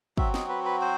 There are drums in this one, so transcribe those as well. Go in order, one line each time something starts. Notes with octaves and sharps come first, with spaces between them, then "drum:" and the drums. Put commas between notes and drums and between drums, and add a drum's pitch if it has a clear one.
F#3 C4 F#4 E5, drum: kick
D#5, drum: snare
B4
B4
C5